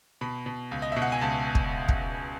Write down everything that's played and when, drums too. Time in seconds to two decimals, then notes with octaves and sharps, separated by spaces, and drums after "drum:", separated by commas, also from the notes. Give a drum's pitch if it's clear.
0.21 B2 B5
0.46 B2
0.71 C#2
0.82 D#5
0.92 B2 E5
1.02 F#5
1.12 G#5
1.21 C#2 A5
1.55 drum: kick
1.89 drum: kick